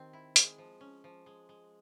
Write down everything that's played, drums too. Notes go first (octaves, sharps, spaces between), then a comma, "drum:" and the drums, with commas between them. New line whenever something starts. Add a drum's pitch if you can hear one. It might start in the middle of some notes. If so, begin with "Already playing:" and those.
Already playing: D#3 C4 G4
E4
G#3, drum: hi-hat
F3
C#4
F3
G#3
G#3